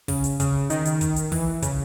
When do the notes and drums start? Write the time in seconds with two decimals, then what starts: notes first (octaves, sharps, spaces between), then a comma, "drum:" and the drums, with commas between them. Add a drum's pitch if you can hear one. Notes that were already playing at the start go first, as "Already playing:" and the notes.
0.08 C#3, drum: kick, open hi-hat
0.24 drum: hi-hat
0.40 C#3, drum: kick, hi-hat
0.70 D#3, drum: hi-hat
0.85 drum: hi-hat
1.01 drum: kick, hi-hat
1.16 drum: hi-hat
1.32 E3, drum: kick, open hi-hat
1.62 C#3, drum: kick, hi-hat